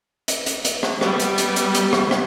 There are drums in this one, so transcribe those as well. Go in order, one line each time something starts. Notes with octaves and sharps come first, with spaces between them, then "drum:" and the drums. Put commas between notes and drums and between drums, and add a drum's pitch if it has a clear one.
drum: hi-hat
drum: hi-hat
drum: hi-hat
drum: rim click
G3 B3, drum: rim click
drum: hi-hat
drum: hi-hat
drum: hi-hat
drum: hi-hat
drum: rim click
drum: rim click